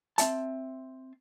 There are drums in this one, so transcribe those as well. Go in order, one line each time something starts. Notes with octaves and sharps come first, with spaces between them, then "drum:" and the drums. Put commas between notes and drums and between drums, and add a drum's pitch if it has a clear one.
C4 E5 A5, drum: hi-hat